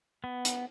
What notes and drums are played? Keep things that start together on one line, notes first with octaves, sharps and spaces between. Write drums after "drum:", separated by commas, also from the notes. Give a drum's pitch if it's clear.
B3
drum: hi-hat